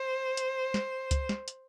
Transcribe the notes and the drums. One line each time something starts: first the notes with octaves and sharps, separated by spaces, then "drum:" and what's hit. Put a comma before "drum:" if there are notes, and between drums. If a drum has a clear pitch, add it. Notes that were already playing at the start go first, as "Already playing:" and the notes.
Already playing: C5
drum: hi-hat
drum: snare
drum: kick C#2, hi-hat
drum: snare
drum: hi-hat